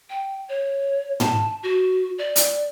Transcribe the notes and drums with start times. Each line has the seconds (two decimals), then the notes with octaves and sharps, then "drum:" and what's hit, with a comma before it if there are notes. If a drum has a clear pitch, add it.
0.10 G5
0.49 C#5
1.20 A5, drum: tom
1.63 F#4
2.18 D5
2.36 drum: hi-hat